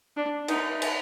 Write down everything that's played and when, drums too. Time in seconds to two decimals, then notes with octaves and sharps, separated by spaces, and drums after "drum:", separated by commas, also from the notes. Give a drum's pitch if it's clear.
0.17 D4
0.48 D#4, drum: cymbal
0.82 drum: cymbal